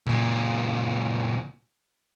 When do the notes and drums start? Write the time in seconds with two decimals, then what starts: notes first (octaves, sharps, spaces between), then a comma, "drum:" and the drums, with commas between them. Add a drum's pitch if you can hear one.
0.07 C#2 A#2, drum: tom A#2